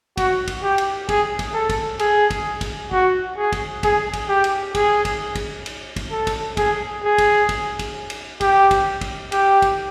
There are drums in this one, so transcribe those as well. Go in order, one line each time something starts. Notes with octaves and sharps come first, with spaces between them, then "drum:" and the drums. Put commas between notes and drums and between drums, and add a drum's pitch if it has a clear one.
F#4, drum: kick, cymbal
drum: kick, cymbal
G4
drum: cymbal
G#4, drum: kick, cymbal
drum: kick, cymbal
A4
drum: kick, cymbal
G#4, drum: cymbal
drum: kick, cymbal
drum: kick, cymbal
F#4, drum: kick
G#4
drum: kick, cymbal
G#4, drum: kick, cymbal
drum: kick, cymbal
G4
drum: cymbal
G#4, drum: kick, cymbal
drum: kick, cymbal
drum: kick, cymbal
drum: cymbal
drum: kick, cymbal
A4
drum: kick, cymbal
G#4, drum: kick, cymbal
G#4
drum: kick, cymbal
drum: kick, cymbal
drum: kick, cymbal
drum: cymbal
G4, drum: kick, cymbal
drum: kick, cymbal
drum: kick, cymbal
G4, drum: cymbal
drum: kick, cymbal